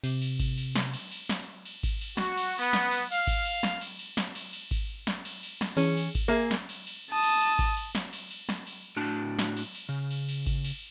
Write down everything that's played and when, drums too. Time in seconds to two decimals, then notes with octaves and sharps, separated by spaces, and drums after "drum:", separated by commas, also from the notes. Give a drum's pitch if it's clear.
0.04 C3, drum: cymbal
0.22 drum: cymbal
0.40 drum: kick G#1, cymbal
0.58 drum: cymbal
0.75 drum: snare
0.93 drum: cymbal
1.11 drum: cymbal
1.29 drum: snare
1.65 drum: cymbal
1.83 drum: kick G#1, cymbal
2.01 drum: cymbal
2.17 F#4, drum: snare
2.37 drum: cymbal
2.58 B3, drum: cymbal
2.73 drum: snare
2.91 drum: cymbal
3.12 F5, drum: cymbal
3.27 drum: kick G#1, cymbal
3.45 drum: cymbal
3.63 drum: snare
3.81 drum: cymbal
3.99 drum: cymbal
4.17 drum: snare
4.35 drum: cymbal
4.53 drum: cymbal
4.71 drum: kick G#1, cymbal
5.07 drum: snare
5.25 drum: cymbal
5.43 drum: cymbal
5.61 drum: snare
5.77 E3 C#4 G#4, drum: cymbal
5.97 drum: cymbal
6.15 drum: kick G#1, cymbal
6.28 A#3 G#4 A#4 E5
6.51 drum: snare
6.69 drum: cymbal
6.87 drum: cymbal
7.10 A5 D#6
7.23 drum: cymbal
7.41 drum: cymbal
7.59 drum: kick G#1, cymbal
7.77 drum: cymbal
7.95 drum: snare
8.13 drum: cymbal
8.31 drum: cymbal
8.49 drum: snare
8.67 drum: cymbal
8.96 A2 D4 F#4 A5
9.39 drum: snare
9.57 drum: cymbal
9.75 drum: cymbal
9.89 C#3
10.11 drum: cymbal
10.29 drum: cymbal
10.47 drum: kick G#1, cymbal
10.64 drum: cymbal